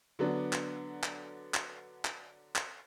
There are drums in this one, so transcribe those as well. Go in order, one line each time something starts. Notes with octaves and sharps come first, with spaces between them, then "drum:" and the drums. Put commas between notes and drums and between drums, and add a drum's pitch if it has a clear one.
D3 F#3 B3 D4
drum: clap
drum: clap
drum: clap
drum: clap
drum: clap